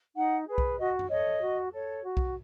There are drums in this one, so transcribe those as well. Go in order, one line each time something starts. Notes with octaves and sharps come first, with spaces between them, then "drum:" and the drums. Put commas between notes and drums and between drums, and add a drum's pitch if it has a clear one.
D#4 F#5
G#4 B4
drum: kick
F#4 D#5
drum: tom F#2
A4 C#5 D#5
F#4
A4 C#5
F#4
drum: kick